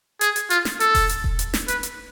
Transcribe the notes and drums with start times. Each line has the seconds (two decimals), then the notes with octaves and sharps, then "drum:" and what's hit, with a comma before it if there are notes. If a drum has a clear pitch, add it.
0.21 G#4, drum: hi-hat
0.36 drum: hi-hat
0.50 F4, drum: hi-hat
0.65 drum: snare
0.80 A4, drum: hi-hat
0.95 drum: kick E1, open hi-hat
1.09 drum: hi-hat
1.24 drum: kick E1
1.39 drum: hi-hat
1.54 drum: snare
1.68 B4, drum: hi-hat
1.83 drum: hi-hat